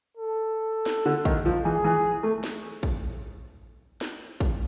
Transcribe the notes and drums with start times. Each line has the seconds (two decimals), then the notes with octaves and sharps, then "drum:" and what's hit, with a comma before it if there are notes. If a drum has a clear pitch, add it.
0.17 A4
0.86 drum: snare
1.06 D3
1.25 D#3, drum: kick
1.45 F3
1.65 E3 G#4
1.84 E3
2.23 A3
2.44 drum: snare
2.83 drum: kick
4.01 drum: snare
4.40 drum: kick